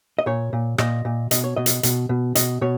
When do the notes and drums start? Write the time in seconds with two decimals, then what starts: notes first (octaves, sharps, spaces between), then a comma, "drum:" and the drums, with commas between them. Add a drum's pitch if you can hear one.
0.19 D#5
0.26 A#2 C#5
0.53 A#2
0.78 A#2 D#5, drum: rim click
1.05 A#2
1.31 B2 D#5, drum: hi-hat
1.44 C#5
1.56 B2 D#5
1.66 drum: hi-hat
1.83 B2, drum: hi-hat
2.09 B2
2.35 B2 D#5, drum: hi-hat
2.61 B2 C#5